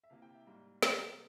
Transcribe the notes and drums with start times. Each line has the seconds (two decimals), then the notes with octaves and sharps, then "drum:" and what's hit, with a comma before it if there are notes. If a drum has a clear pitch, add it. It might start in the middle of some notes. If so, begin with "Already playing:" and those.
0.03 E5
0.10 C3 E3 A#3 F5
0.22 G5
0.35 E5
0.46 G#2 G3 A#3
0.82 C3 G3 A#3 F5, drum: snare